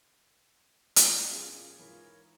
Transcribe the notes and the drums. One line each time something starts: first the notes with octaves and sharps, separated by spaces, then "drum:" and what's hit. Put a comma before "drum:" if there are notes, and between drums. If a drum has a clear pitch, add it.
C#4 G#4 D5, drum: hi-hat
B1 A2 C#4 F4 G#4 C6
A#3
G#2 E3 A#4 C#5 B5